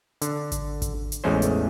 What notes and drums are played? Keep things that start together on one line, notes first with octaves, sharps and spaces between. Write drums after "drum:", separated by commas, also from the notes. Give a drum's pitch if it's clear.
D3, drum: hi-hat
drum: kick G#1, hi-hat
drum: kick G#1, hi-hat
drum: hi-hat
A1 E2 G#3 A3 C#4 C5
drum: hi-hat